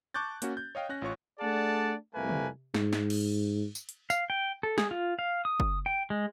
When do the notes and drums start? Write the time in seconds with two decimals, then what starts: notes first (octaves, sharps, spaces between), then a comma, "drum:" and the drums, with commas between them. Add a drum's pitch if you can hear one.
0.14 A5 C#6 D6 F#6 G6 A6
0.42 A#3 C#4 F#4, drum: hi-hat
0.57 G6
0.75 C#5 D#5 F5 G5
0.89 C#4 F#6 A#6
1.02 A1 F4 C#5 C#6
1.40 A3 D4 G#4 D5 F#5 A5
2.15 C2 F2 A3 A#3 B4 G#5
2.29 drum: tom
2.74 G#2, drum: snare
2.93 drum: snare
3.10 drum: cymbal
3.75 drum: tambourine
3.89 drum: hi-hat
4.10 F5, drum: tambourine
4.30 G5
4.63 A4
4.78 G#4, drum: snare
4.91 F4
5.19 F5
5.45 D#6
5.60 drum: kick F#1
5.86 G5
6.10 G#3